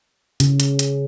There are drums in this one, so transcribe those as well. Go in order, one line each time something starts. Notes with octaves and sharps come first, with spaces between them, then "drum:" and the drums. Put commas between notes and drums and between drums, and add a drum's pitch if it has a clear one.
C#3, drum: hi-hat
drum: hi-hat
drum: hi-hat